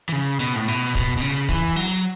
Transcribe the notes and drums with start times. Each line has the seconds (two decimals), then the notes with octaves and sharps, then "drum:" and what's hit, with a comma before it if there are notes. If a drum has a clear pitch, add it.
0.09 E3
0.12 C#3
0.40 B2, drum: hi-hat
0.56 A2, drum: hi-hat
0.68 B2
0.95 B2, drum: kick, hi-hat
1.17 B2
1.21 C#3
1.31 drum: hi-hat
1.49 E3, drum: kick
1.76 F#3
1.85 drum: hi-hat